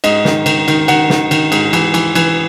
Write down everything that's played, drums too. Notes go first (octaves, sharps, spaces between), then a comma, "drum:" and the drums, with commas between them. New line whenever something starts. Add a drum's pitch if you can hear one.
G#2 D#5, drum: cymbal
D#3, drum: snare
D#3, drum: cymbal
D#3, drum: cymbal
D#3 F#5, drum: cymbal
D#3, drum: snare
D#3, drum: cymbal
G#2, drum: cymbal
E3, drum: cymbal
E3, drum: cymbal
E3, drum: cymbal